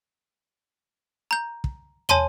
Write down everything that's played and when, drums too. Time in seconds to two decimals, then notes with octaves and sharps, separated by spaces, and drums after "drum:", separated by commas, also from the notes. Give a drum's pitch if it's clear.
1.31 A#5 G6
1.64 drum: kick
2.09 C#5 G#5 A5 C6 D#7 G7, drum: tom